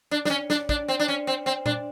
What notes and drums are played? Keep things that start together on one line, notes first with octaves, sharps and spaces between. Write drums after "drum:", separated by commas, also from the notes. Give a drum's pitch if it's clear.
D4
D4, drum: snare
C#4
D4, drum: snare
D4, drum: kick
C4
D4
C#4
C4
C4
D4, drum: tom A#2